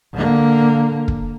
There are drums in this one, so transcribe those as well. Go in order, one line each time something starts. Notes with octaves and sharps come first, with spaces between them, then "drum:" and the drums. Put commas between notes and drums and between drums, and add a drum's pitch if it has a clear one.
D3 A#3
drum: kick